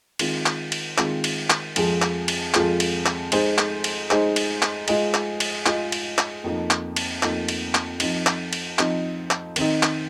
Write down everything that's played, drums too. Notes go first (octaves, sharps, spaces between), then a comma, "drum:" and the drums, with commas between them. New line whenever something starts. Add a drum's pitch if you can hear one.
D#3 G#3 C4 F4, drum: cymbal
drum: clap
drum: cymbal
D#3 G#3 C4 F4, drum: clap
drum: cymbal
drum: clap
F2 F3 G#3 F4 G#4, drum: cymbal
drum: clap
drum: cymbal
F2 F3 G#3 F4 G#4, drum: clap
drum: cymbal
drum: clap
G#3 D#4 G#4 C5, drum: cymbal
drum: clap
drum: cymbal
G#3 D#4 G#4 C5, drum: clap
drum: cymbal
drum: clap
G#3 F4 G#4 D#5, drum: cymbal
drum: clap
drum: cymbal
G#3 F4 G#4 D#5, drum: clap
drum: cymbal
drum: clap
F2 F3 A#3 D#4
drum: clap
drum: cymbal
F2 F3 A#3 D#4, drum: clap
drum: cymbal
drum: clap
F3 C4 D#4, drum: cymbal
drum: clap
drum: cymbal
F3 C4 D#4, drum: clap
drum: clap
D#3 C4 D#4, drum: cymbal
drum: clap